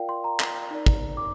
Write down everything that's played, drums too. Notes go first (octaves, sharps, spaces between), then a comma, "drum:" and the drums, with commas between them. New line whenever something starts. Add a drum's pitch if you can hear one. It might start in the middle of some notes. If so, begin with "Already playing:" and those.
Already playing: F4 A#4 D5 F5 G5
C6
A#5
drum: clap
D#4 A#4 D5
drum: kick
D6